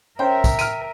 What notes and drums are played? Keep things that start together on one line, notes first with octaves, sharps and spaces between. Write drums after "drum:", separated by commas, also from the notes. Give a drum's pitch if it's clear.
C#4 A#4 C5 E5 G5
drum: kick, tambourine
F6 D7 D#7, drum: tambourine